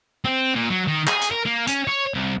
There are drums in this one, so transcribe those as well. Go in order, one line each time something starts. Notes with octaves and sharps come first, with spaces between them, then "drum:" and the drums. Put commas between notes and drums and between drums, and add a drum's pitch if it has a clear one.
C4
A#2
F#3
D#3
G#4, drum: clap
drum: hi-hat
A#4
A#3
C#4, drum: hi-hat
C#5
C2